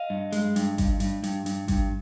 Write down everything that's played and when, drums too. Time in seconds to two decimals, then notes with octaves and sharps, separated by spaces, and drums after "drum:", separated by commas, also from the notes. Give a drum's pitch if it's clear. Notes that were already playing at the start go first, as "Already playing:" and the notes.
Already playing: D#5 F5
0.10 G2
0.32 G#3, drum: hi-hat
0.56 G2, drum: hi-hat
0.78 G2, drum: kick G#1, hi-hat
1.00 G2, drum: hi-hat
1.24 G2, drum: hi-hat
1.46 G2, drum: hi-hat
1.68 G2, drum: kick G#1, hi-hat